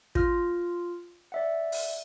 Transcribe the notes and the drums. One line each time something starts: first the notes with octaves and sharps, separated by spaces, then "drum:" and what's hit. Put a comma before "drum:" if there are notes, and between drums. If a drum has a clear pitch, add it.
F4 F6, drum: kick
D5 E5 F#5
drum: open hi-hat